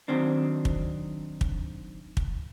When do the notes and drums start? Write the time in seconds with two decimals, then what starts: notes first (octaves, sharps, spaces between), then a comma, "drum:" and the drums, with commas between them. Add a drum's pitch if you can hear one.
0.08 D#3 F#3 C4 D4
0.65 drum: kick
1.41 drum: kick
2.17 drum: kick